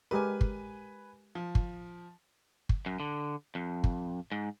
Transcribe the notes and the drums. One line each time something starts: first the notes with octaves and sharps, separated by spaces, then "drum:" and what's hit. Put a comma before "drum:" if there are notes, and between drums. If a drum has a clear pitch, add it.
G#3 G4 A#4 B4 G#5
drum: kick
F3
drum: kick
drum: kick
F#2
D3
F2
drum: kick
G#2